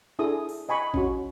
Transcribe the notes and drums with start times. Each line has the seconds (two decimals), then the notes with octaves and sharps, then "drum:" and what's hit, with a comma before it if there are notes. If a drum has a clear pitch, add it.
0.19 D4 E4 G#4 A4 D#6
0.49 drum: open hi-hat
0.69 D#5 G#5 B5 C#6
0.94 C#4 F#4, drum: kick